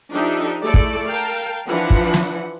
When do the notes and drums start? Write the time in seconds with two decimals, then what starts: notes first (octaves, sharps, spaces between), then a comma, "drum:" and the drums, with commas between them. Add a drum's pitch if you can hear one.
0.12 F3 D4 D#4 G4 A4 E5
0.62 A3 E4 G#4 A4 D5
0.74 drum: kick
1.08 A#4 F5 G5 A5
1.67 E3 F3 D4 B4 F#5
1.90 drum: kick
2.14 drum: snare